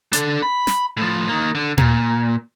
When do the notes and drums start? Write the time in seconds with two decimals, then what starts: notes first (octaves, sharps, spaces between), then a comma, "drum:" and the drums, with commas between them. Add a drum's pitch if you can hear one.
0.13 D4 A4, drum: hi-hat
0.43 B5
0.67 drum: snare
0.97 A2 F3
1.28 D#3 A#3
1.55 D3
1.78 A#2, drum: tom A#2